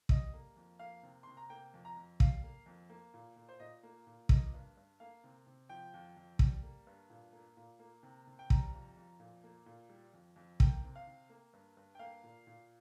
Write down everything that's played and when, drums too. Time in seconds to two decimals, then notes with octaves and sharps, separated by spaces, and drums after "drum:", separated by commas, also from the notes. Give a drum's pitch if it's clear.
0.09 G3 D#5, drum: kick
0.34 A#3
0.56 F2
0.79 A#3 F5
1.03 C3
1.23 C3 C6
1.37 A#5
1.50 A#3 G5
1.74 F2
1.85 A#5
1.97 F2
2.20 G3 F5, drum: kick
2.43 A#3
2.66 F2
2.90 A#3
3.14 A#2
3.36 A#2
3.49 C5
3.60 A#2 D#5
3.83 A#3
4.07 A#2
4.29 A#3 D#5, drum: kick
4.54 G2
4.77 G2
5.00 A#3 F5
5.24 C3
5.47 C3
5.69 F3 G5
5.94 F2
6.17 F2
6.39 G3, drum: kick
6.63 A#3
6.87 G2
7.10 A#2
7.33 A#3
7.57 A#2
7.79 A#3
8.03 C3
8.27 C3
8.39 G5
8.50 G3 A#5, drum: kick
8.73 F2
8.97 F2
9.20 A#2
9.44 A#3
9.66 A#2
9.89 G3
10.13 F2
10.36 F2
10.60 A#3 G5, drum: kick
10.84 C3
10.96 F5
11.07 C3
11.29 A#3
11.53 G2
11.77 G2
11.95 G5
11.99 A#3 F5
12.23 A#2
12.47 A#2